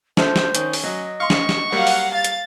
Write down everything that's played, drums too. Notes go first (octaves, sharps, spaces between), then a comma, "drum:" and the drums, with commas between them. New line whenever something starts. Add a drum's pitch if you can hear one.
F3 E4 A4 C5, drum: snare
drum: snare
D#3 C#4, drum: hi-hat
drum: open hi-hat
F#3 D#5
F5 C6 C#6
drum: snare
drum: snare
F#3 G3 A#3 F5 F#5
drum: open hi-hat
F5 A6
drum: hi-hat